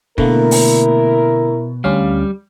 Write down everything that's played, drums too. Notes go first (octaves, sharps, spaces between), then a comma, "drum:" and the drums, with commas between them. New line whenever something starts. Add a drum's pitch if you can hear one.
B2 D3 A3 A#3 E4 A#4, drum: kick
drum: open hi-hat
D2 G3 C#4 F5